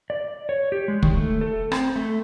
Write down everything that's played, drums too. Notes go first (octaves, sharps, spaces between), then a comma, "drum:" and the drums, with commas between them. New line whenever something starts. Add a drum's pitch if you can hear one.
D5
C#5
G4
G#3
D#3, drum: kick
A3
A4
C4, drum: rim click
A3